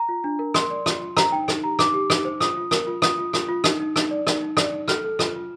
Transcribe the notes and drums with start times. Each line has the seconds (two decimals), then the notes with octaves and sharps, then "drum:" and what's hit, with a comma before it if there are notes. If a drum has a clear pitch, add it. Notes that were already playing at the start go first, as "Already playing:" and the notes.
Already playing: A#5
0.09 F4
0.24 D4
0.39 A#4
0.54 A#4 C6, drum: rim click
0.71 D5
0.86 F4, drum: rim click
1.01 F4
1.17 C5 A#5, drum: rim click
1.32 D#4 G5
1.48 D#4, drum: rim click
1.63 G4 A#5
1.79 D#4 D6, drum: rim click
1.94 G4
2.10 D#4, drum: rim click
2.25 C5
2.41 F4 D#6, drum: rim click
2.57 F4
2.71 A#4, drum: rim click
2.87 F4
3.02 F4 D#6, drum: rim click
3.18 F4
3.33 F4, drum: rim click
3.49 F4
3.64 D#4, drum: rim click
3.80 D#4
3.96 D#4, drum: rim click
4.11 D5
4.27 D#4, drum: rim click
4.41 D#4
4.57 D5, drum: rim click
4.72 D#4
4.88 A4 F6, drum: rim click
5.04 A4
5.19 F4, drum: rim click
5.35 F4